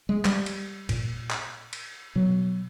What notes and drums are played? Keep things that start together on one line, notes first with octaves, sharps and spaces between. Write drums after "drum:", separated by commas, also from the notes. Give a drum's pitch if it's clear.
G#3
G3, drum: clap
drum: cymbal
A#2, drum: kick, cymbal
drum: clap
drum: cymbal
B2 F#3